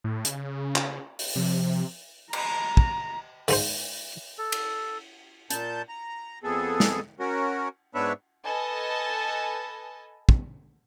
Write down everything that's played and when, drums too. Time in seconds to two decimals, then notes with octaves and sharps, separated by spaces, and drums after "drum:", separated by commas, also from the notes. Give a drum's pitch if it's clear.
0.04 A2
0.25 C#3, drum: hi-hat
0.76 drum: clap
1.19 drum: open hi-hat
1.35 C3 F3
2.33 A#5, drum: cymbal
2.77 drum: kick
3.48 G#2 G#3 C5, drum: open hi-hat
4.38 A4
4.52 drum: cymbal
5.51 A#2 A5 G6, drum: hi-hat
5.89 A#5
6.43 F2 B3 G#4 A4
6.80 drum: snare
7.19 C#4 F#4 A#4
7.95 G#2 B3 D4 B4 C#5 E5
8.45 A4 B4 D#5 G#5 A5
10.29 drum: kick